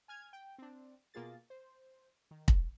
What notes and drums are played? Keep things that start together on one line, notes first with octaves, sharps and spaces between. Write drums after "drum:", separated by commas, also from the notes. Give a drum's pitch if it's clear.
G#5 F6 G#6
G5
C4 D4
B2 A#3 F4 G#4 A6
C5
D#3
drum: kick